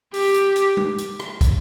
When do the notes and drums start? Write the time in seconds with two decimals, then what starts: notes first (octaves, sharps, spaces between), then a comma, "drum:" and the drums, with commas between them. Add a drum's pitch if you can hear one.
0.14 G4, drum: open hi-hat
0.34 drum: hi-hat
0.56 drum: hi-hat
0.77 drum: tom G3
0.98 drum: hi-hat
1.20 drum: rim click
1.41 drum: kick, hi-hat